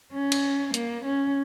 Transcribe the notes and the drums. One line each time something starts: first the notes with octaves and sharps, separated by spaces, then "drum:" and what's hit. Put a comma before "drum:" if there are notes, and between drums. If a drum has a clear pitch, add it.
C#4
drum: cymbal
A#3, drum: hi-hat
C#4